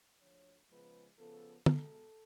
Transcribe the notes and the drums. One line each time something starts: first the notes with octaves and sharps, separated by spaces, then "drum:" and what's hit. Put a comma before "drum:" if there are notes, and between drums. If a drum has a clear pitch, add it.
D2 D3 F3 C#5
C#3 F3 G#3 B3 B4
C#3 F3 B3 A4
B2 G#3 B3 A4, drum: tom